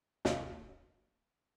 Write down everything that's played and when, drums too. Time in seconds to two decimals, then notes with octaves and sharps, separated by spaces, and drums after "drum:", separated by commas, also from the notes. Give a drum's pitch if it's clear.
0.25 D#2 C3 D#3 F4 D#5 F5, drum: snare